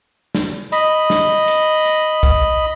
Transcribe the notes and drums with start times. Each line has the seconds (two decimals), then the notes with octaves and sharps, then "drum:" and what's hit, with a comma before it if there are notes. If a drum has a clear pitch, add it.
0.35 drum: snare
0.72 D#5 B5, drum: hi-hat
1.10 drum: snare
1.48 drum: hi-hat
1.85 drum: hi-hat
2.23 drum: kick, hi-hat